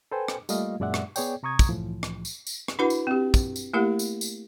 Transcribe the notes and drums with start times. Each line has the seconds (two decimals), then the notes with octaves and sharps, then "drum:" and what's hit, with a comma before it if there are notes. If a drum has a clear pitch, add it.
0.12 A4 B4 C5 G5 G#5
0.28 drum: rim click
0.49 G3 A3 A#3 F4 D#5 F5, drum: tambourine
0.80 F#2 A#2 G#3 D5 E5 F#5
0.94 drum: rim click
1.16 B3 G#4 C#5 D5 G5, drum: tambourine
1.43 C3 A#5 C#6 D#6 G#6
1.59 drum: kick, tambourine
1.69 C2 A2 E3 F3
2.03 drum: rim click
2.25 drum: tambourine
2.47 drum: tambourine
2.68 drum: rim click
2.79 D4 E4 F#4 B4 F#5 B5
2.90 drum: tambourine
3.07 C4 G4
3.34 drum: kick, tambourine
3.56 drum: tambourine
3.73 A3 A#3 E4 G4 A#4 F#5
3.99 drum: tambourine
4.21 drum: tambourine